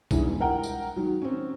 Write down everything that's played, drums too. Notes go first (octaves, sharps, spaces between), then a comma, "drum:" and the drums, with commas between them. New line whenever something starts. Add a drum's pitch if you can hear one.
B1 E2 D3 E3 G3 G#3, drum: kick B1, tambourine
A#4 F#5 G5 A#5
drum: tambourine
D#3 F#3
C4 C#4